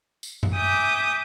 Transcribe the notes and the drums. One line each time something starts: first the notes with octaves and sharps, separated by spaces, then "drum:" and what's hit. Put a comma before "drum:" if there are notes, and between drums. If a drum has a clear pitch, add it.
drum: tambourine
drum: tom F#2
E5 G#5 D6 D#6 G6